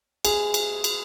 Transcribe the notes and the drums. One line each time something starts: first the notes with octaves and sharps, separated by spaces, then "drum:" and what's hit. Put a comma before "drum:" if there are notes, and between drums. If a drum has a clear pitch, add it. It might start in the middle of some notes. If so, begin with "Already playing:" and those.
G#4, drum: cymbal
drum: cymbal
drum: cymbal